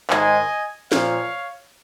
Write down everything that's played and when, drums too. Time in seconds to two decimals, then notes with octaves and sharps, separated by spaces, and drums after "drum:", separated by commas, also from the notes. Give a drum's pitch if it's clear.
0.10 G#2 D#3 G#3 D#5 G#5, drum: clap
0.92 A#2 F3 A#3 C#5 F5, drum: snare